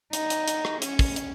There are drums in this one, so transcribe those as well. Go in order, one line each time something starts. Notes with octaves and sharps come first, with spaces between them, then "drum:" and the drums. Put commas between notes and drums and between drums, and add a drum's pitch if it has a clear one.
D#4, drum: hi-hat
drum: hi-hat
drum: hi-hat
drum: rim click
C#4, drum: hi-hat
drum: kick, open hi-hat
drum: hi-hat